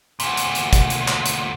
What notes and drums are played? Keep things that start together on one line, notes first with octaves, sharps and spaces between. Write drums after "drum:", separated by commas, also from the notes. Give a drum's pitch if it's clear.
D2 A#2, drum: hi-hat
drum: hi-hat
drum: hi-hat
drum: kick, hi-hat
drum: hi-hat
drum: clap
drum: hi-hat